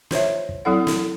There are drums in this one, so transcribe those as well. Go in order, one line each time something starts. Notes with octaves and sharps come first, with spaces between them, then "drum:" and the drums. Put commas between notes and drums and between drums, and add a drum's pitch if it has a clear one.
F4 C5 C#5 E5, drum: snare
drum: kick
F#3 C4 E4 A4 F#5
drum: snare